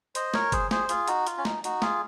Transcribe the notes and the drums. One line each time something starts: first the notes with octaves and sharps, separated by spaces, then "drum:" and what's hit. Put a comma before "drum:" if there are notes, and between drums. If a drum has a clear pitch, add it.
C5 D#5, drum: hi-hat
A#4 C#5, drum: snare
G#4 C5, drum: kick, hi-hat
G#4 C5, drum: snare
F4 G#4, drum: hi-hat
D#4 F#4, drum: hi-hat
F4, drum: hi-hat
C#4
D#4, drum: snare
D#4 F#4, drum: hi-hat
F4 G#4, drum: snare